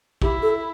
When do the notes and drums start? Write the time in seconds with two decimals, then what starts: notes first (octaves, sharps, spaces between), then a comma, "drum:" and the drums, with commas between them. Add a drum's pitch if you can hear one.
0.22 E4 G4, drum: kick
0.42 A4